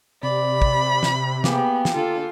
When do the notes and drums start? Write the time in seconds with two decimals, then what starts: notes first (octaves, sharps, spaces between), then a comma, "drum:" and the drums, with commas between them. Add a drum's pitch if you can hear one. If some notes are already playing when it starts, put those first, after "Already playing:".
0.23 C3 D5 B5
0.62 drum: kick
1.03 drum: snare
1.44 A#3 B3 G4 G#4, drum: snare
1.85 drum: snare
1.96 D3 F4 A4